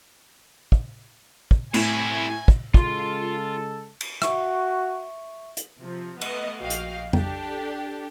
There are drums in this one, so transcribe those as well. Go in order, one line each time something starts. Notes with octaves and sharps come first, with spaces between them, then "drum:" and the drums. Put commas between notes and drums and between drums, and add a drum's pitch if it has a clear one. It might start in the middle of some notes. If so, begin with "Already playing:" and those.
drum: kick
drum: kick
A2 C3 E4 G#5, drum: cymbal
drum: kick
C#3 G#3 F4 A4 C6, drum: kick
drum: cymbal
F#4 E5 C#6, drum: rim click
drum: hi-hat
C3 F3
A3 B3 D#5, drum: cymbal
A#1 F#4 D#5 F5 G5
drum: hi-hat
D4 G4 A4, drum: tom F2